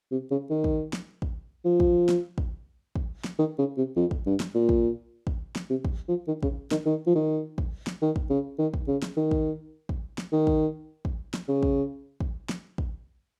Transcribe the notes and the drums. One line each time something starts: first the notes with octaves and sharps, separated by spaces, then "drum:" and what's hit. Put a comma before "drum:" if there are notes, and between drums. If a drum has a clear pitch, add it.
C3
C#3
D#3
drum: kick
drum: snare
drum: kick
F3
drum: kick
drum: snare
drum: kick
drum: kick
drum: snare
D#3
C#3
C3
F2
drum: kick
G2
drum: snare
A#2
drum: kick
drum: kick
drum: snare
C3
drum: kick
F3
D#3
C#3, drum: kick
D#3, drum: snare
D#3
F3
D#3
drum: kick
drum: snare
D#3
drum: kick
C#3
D#3
drum: kick
C#3
drum: snare
D#3
drum: kick
drum: kick
drum: snare
D#3
drum: kick
drum: kick
drum: snare
C#3
drum: kick
drum: kick
drum: snare
drum: kick